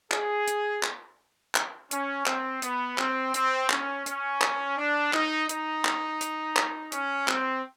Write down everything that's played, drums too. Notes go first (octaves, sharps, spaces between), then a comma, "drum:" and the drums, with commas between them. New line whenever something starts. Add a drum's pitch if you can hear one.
G#4, drum: clap
drum: hi-hat
drum: clap
drum: clap
C#4, drum: hi-hat
C4, drum: clap
B3, drum: hi-hat
C4, drum: clap
C4, drum: hi-hat
C#4, drum: clap
C#4, drum: hi-hat
drum: clap
D4
D#4, drum: clap
D#4, drum: hi-hat
drum: clap
drum: hi-hat
drum: clap
C#4, drum: hi-hat
C4, drum: clap